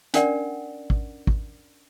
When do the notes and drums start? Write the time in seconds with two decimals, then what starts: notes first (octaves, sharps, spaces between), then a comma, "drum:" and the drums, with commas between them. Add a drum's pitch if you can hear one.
0.14 C#4 D4 A#4 D5 F#5, drum: hi-hat
0.90 drum: kick
1.27 drum: kick